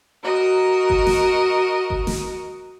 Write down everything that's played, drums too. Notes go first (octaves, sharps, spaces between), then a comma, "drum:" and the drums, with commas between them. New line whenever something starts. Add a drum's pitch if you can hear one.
F#4 A#4 D#5
drum: kick G1
drum: snare
drum: kick G1
drum: snare